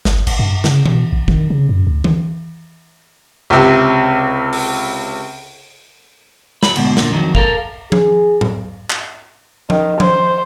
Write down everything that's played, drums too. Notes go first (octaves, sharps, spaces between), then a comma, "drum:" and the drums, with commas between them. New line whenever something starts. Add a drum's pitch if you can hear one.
G1, drum: snare
G#1, drum: cymbal
G2
C#3, drum: snare
B2, drum: tom E3
A#1
D#3, drum: kick
C#3
F#2
D2
D#3, drum: tom E3
C#2 C3
drum: open hi-hat
F#3 B5, drum: snare
D2 G#2 B2, drum: cymbal
A#2 D3, drum: snare
F2 D#3 F#3
A4 A#4 F5, drum: kick
G#4, drum: tom F3
drum: tom
drum: clap
D#3, drum: tom F3
C5, drum: tom F3